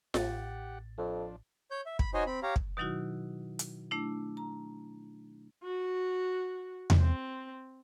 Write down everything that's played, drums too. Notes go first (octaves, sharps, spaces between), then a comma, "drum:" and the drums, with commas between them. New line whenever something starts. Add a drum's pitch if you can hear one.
A1 A2 G4 F#5 A6, drum: snare F4
F2 F3 D4
C#5 G6
E5
B5, drum: kick
D#4 F#4 C5 C#5 D#5 G#5
C4 B5
G4 C#5 F5 A#5
drum: kick
B2 D#3 F#3 D#4 E4 F#4
drum: hi-hat
A3 D4 E4
A#5
F#4
drum: tom E2
C4